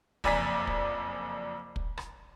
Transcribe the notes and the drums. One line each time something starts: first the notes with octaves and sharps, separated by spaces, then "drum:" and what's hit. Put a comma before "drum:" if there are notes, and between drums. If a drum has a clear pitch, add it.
F#1 F2 D5 G#5 A#5 B6, drum: kick
drum: kick
drum: kick
drum: rim click